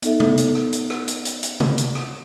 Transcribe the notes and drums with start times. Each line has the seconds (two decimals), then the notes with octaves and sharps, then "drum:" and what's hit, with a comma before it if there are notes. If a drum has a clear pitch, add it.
0.02 B3 D#4 A4 E5, drum: hi-hat
0.20 drum: tom
0.38 drum: hi-hat
0.55 drum: rim click
0.73 drum: hi-hat
0.90 drum: rim click
1.08 drum: hi-hat
1.25 drum: hi-hat
1.43 drum: hi-hat
1.60 drum: tom C3
1.78 drum: hi-hat
1.95 drum: rim click